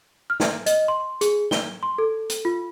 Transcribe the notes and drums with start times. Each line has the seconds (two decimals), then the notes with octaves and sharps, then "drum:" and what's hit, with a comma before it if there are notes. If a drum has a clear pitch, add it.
0.30 F6
0.40 drum: snare
0.66 D#5, drum: hi-hat
0.88 C6
1.21 G#4, drum: hi-hat
1.51 G7, drum: snare
1.83 C6
1.98 A4
2.29 drum: hi-hat
2.45 F4